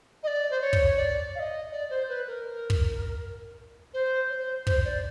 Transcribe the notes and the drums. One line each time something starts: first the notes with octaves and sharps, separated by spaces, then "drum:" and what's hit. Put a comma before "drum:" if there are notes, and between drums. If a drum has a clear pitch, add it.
D#5
D5
C5
C#5
drum: kick
D5
F5
D#5
D5
C5
B4
A#4
drum: kick
C5
C#5
C5
C5, drum: kick
D5